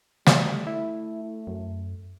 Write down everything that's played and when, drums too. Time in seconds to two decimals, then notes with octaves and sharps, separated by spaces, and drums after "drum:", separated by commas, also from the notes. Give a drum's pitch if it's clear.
0.27 G3 A3, drum: snare
0.67 A3 E4
1.47 F#2